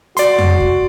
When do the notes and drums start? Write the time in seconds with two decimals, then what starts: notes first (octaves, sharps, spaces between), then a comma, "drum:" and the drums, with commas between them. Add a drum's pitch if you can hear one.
0.17 F#4 D5 C6, drum: hi-hat
0.38 drum: tom F2
0.60 drum: kick